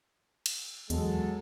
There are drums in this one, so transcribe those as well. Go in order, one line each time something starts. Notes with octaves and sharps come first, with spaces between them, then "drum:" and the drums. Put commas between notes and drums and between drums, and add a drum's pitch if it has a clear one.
drum: cymbal
E2 F#3 G#3 A4, drum: hi-hat